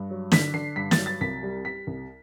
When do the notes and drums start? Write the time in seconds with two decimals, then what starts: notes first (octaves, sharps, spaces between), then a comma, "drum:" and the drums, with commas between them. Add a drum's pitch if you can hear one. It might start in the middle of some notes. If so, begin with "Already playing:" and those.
Already playing: G2
0.11 F#3
0.32 D3 B6, drum: snare
0.54 D3 C7
0.76 G2 B6
0.91 A6, drum: snare
0.98 F#3
1.06 A6
1.21 C2 B6
1.43 G3
1.64 G3 B6
1.87 C2